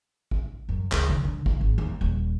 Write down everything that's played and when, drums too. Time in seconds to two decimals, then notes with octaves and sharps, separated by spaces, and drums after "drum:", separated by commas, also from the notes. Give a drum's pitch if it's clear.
0.31 drum: kick A1
0.69 F#2
0.92 C#2, drum: clap
1.09 D#3
1.25 D3
1.46 D#3, drum: kick A1
1.61 G#1
1.78 D#2
2.01 D#1